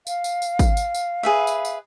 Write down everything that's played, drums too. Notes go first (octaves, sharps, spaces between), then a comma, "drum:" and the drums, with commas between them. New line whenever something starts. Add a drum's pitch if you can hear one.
F5, drum: tambourine
drum: tambourine
drum: tambourine
drum: kick, tambourine
drum: tambourine
drum: tambourine
G#4 B4 E5
drum: tambourine
drum: tambourine